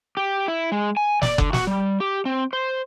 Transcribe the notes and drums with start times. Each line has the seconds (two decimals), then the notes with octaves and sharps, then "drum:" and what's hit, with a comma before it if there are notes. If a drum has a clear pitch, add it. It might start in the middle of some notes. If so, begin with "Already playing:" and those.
0.17 G4
0.48 E4
0.72 G#3
0.97 G#5
1.22 D5, drum: snare
1.38 D3, drum: kick F#1
1.53 F#4, drum: snare
1.67 G3
2.00 G4
2.25 C4
2.53 C5